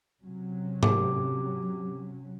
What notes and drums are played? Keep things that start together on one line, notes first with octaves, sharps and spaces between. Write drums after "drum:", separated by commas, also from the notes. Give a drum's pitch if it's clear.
C3 F#3 C#4
G4 D6, drum: tom G#2